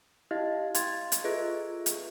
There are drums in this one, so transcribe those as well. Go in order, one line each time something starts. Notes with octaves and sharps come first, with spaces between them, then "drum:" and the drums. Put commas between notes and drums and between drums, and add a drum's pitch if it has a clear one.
E4 G4 D#5 F5
F5 G5 C6 G#6 A6, drum: hi-hat
drum: hi-hat
F4 G#4 A4 B4 D#5 E5
drum: hi-hat